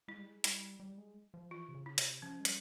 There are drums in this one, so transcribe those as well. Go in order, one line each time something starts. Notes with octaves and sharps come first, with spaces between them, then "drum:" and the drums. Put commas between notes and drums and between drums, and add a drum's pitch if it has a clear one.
G#3 E4
G3
G#3
G3 E4, drum: hi-hat
G3
G#3
F3
E3 F4
C3
C#3
E4
C3, drum: hi-hat
F3 C#4
G#3
G3, drum: hi-hat